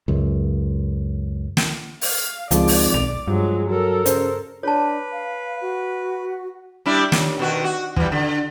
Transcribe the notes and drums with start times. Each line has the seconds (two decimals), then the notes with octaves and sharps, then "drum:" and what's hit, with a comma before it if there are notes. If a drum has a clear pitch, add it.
0.08 C#2 F#2
1.57 drum: snare
2.01 F5, drum: open hi-hat
2.51 G#1 C#2 F3 G#3 D5, drum: hi-hat
2.68 drum: open hi-hat
2.94 B1 F7
3.28 G2 F3 F#3 G#3
3.70 F#3 A4 A#4
4.06 C#3 C5, drum: hi-hat
4.63 D4 B4 C#5 A5
5.12 F5
5.61 F#4
6.86 G3 D4 E4
7.12 D#2, drum: snare
7.39 B2 D#3 F#4
7.64 F#4
7.96 E3 G3, drum: kick
8.12 D3